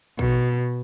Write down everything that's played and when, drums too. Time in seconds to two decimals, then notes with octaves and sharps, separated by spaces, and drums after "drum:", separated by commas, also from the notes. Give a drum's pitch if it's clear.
0.19 B2, drum: kick